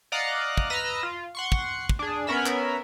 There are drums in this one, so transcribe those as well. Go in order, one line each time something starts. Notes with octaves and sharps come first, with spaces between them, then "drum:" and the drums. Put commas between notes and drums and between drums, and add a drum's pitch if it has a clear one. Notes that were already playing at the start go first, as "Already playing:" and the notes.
D5 D#5 F5 F#5 A#5 F#6
drum: kick
B4 D#5 A#5 E6 F6 A#6
F4
F#5 C6 C#6
drum: kick
drum: kick
D4 G#4
B3 C#4 A#4 E5 B5
drum: clap